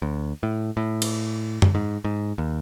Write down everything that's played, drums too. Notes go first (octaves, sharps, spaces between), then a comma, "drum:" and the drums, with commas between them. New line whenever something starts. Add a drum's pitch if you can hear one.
D2
A2
A2
drum: cymbal
drum: tom F#2
G#2
G#2
D#2